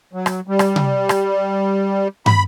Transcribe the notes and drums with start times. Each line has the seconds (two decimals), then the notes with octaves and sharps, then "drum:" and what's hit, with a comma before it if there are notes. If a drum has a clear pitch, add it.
0.13 F#3
0.26 drum: rim click
0.48 G3
0.59 drum: rim click
0.76 drum: tom C3
1.09 drum: rim click
2.26 B5, drum: tom